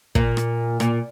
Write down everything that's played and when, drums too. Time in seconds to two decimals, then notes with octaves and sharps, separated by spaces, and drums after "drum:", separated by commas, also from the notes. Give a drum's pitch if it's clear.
0.15 A#2, drum: kick
0.37 drum: rim click
0.80 A#2, drum: rim click